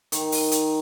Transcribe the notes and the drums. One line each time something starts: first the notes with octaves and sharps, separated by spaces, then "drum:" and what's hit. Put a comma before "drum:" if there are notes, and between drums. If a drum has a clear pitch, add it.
D#3, drum: hi-hat
drum: open hi-hat
drum: hi-hat